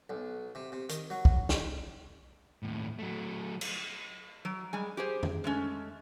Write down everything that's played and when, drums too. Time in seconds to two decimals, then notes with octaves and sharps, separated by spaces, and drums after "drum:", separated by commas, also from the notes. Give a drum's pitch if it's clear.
0.10 B1
0.55 C3
0.72 C3
0.89 D#3, drum: hi-hat
1.10 F#3
1.25 drum: kick
1.49 drum: snare
2.63 D#2 A2
2.99 F#3 A3
3.61 drum: cymbal
4.45 F#3
4.73 G3 G#3 G#5
4.97 G4 G#4 C5
5.23 drum: tom F2
5.44 G#3 A3 C#4